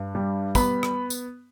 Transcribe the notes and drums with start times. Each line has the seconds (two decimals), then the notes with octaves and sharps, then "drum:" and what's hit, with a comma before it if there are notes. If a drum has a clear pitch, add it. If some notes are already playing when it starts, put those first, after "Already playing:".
Already playing: G2
0.15 G3
0.55 B3 B5, drum: kick, tambourine
0.83 drum: rim click
1.10 drum: tambourine